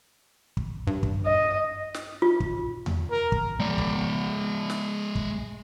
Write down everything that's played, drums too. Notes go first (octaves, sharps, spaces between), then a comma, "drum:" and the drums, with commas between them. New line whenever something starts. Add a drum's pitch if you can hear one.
drum: kick
G2
drum: kick
D#5
drum: snare
F4
drum: kick
drum: tom E2
A#4
drum: kick
G#3 D5
drum: kick
drum: snare
drum: kick